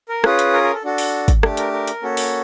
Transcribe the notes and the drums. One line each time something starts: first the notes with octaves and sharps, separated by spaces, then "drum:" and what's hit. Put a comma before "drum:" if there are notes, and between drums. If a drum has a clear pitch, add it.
A#4
C#4 F4 G#4 B4, drum: rim click
drum: hi-hat
A#4
A#4
A4
D4 F#4 A4
drum: open hi-hat
drum: kick, hi-hat
A3 D4 G4, drum: rim click
A#4, drum: hi-hat
A#4
drum: hi-hat
A#3 C#4 F#4 A4
drum: open hi-hat